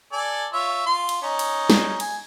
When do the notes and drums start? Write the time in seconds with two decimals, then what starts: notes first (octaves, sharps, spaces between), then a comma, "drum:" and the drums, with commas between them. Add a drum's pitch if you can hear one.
0.13 A4 D5 G#5
0.53 F4 C#5 E5
0.86 F4 C6
1.09 drum: cymbal
1.22 C#4 D#4
1.39 drum: cymbal
1.70 drum: snare
2.00 G#5, drum: cymbal